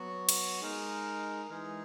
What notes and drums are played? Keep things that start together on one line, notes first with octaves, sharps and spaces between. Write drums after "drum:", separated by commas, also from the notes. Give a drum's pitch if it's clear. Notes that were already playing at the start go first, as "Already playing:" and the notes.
Already playing: F#3 B3 F#4
drum: cymbal
G#3 D#4 A#4
E3 G#3 D#4 G#4